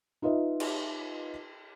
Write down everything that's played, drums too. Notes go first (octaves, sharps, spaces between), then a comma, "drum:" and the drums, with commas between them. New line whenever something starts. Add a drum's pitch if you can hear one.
D#4 F4 B4 D#5 E5
drum: cymbal